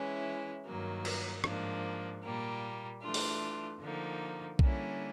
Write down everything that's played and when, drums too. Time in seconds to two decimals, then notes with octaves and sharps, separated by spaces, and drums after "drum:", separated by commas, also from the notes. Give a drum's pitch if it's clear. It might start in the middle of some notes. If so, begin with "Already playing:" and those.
Already playing: E3 G#3 C#4 E4
0.65 G2 D#3 F#3 A#3
1.05 drum: cymbal
1.44 G#2 F3 A#3 D4, drum: rim click
2.23 A#2 G3 A#3
3.02 E3 A3 D4 F4
3.14 drum: open hi-hat
3.81 D3 F3 A#3 D#4
4.59 D3 G3 A#3 C#4 E4, drum: kick B1